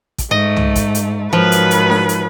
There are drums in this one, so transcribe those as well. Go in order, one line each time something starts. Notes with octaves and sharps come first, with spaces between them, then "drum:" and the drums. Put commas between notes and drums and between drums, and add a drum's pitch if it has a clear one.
drum: kick, hi-hat
G#2 A3 D#5
drum: tom C2
drum: kick, hi-hat
drum: hi-hat
G#2 D#3 F3 F#3 B4
drum: hi-hat
drum: hi-hat
drum: snare D4
drum: hi-hat